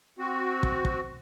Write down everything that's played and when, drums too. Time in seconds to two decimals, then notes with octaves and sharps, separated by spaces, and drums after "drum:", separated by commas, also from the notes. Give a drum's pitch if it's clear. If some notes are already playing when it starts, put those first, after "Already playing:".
0.19 C4 F#4
0.63 drum: kick
0.85 drum: kick